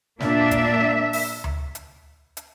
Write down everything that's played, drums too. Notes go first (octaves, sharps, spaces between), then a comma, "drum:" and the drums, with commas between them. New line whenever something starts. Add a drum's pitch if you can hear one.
A#2 A#3 D4 E5, drum: snare
drum: kick G#1, hi-hat
drum: open hi-hat
drum: tom D2
drum: hi-hat
drum: hi-hat